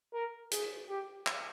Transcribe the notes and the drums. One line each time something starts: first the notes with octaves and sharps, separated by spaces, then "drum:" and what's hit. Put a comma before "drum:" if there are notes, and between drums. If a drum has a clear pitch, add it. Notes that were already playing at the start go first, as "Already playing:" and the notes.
A#4
G#4, drum: hi-hat
G4
drum: clap